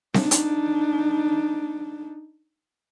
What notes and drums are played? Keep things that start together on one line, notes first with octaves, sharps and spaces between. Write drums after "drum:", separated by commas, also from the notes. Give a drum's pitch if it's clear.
D4 D#4, drum: snare C4
drum: hi-hat